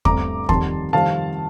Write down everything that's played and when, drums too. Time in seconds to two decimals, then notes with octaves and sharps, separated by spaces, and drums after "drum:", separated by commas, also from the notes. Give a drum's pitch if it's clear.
0.05 G1 G2 D3 A3 C4 A#5 D6, drum: kick
0.49 F2 D#3 G3 A5 C6, drum: kick
0.93 F2 C3 D#3 G3 C4 F5 A5